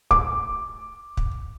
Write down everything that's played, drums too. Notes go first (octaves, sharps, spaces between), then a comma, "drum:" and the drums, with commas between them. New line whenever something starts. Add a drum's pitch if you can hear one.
D6, drum: kick
drum: kick